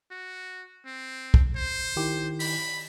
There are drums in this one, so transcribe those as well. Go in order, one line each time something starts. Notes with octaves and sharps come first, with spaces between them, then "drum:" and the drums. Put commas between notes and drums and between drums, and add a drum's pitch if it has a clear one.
F#4
C4
drum: kick
C5
D#3 E4 G4
B5, drum: open hi-hat